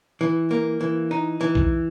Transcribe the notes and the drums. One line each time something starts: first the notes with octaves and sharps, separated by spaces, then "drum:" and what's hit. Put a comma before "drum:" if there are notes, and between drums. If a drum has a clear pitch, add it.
E3
A#3
E3
D#4
E3
drum: kick B1